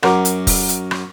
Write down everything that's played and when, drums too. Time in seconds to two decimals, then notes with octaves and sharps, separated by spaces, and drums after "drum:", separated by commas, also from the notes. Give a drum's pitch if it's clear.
0.03 F#2 F#4 A#4 D6, drum: rim click
0.25 drum: hi-hat
0.47 drum: kick, open hi-hat
0.69 drum: hi-hat
0.91 drum: rim click